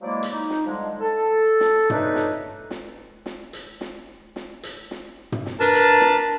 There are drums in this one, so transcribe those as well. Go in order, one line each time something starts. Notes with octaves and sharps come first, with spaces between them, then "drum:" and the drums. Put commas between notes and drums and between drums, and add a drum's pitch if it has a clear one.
F3 F#3 G#3 A#3 E4 D5
drum: hi-hat
D#4
drum: snare
D3 F3 G3 G#3
A4
drum: snare
A3 D4 D#4 B4 C#5 D#5, drum: tom
drum: snare
drum: snare
drum: snare
drum: hi-hat
drum: snare
drum: snare
drum: hi-hat
drum: snare
drum: tom
drum: snare
D4 A#4 B4 A5
drum: hi-hat
drum: snare